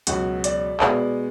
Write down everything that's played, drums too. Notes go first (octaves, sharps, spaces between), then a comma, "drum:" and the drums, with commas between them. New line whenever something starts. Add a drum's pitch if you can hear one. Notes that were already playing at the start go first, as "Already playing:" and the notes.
C#2 B2 F#3 F#4, drum: hi-hat
D5, drum: hi-hat
B2 G#3 B3 D5, drum: clap